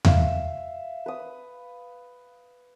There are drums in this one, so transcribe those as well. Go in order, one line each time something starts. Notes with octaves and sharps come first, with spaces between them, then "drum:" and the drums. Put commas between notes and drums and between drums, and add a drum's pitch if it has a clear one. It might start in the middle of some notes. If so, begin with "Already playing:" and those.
E5 F5, drum: tom E2
B4 D#6